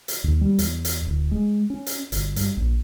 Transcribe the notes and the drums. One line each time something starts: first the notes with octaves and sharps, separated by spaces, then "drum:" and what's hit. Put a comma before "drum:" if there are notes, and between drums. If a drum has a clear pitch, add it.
drum: hi-hat
D#2
G3
E2, drum: hi-hat
drum: hi-hat
D1
G#3
C#4
drum: hi-hat
G1, drum: hi-hat
G2, drum: hi-hat
A#1